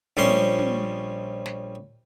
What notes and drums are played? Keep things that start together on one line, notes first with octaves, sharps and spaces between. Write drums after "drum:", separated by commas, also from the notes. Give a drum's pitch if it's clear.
A#1 F3 G3 C#4 C6, drum: tom
drum: tom
drum: snare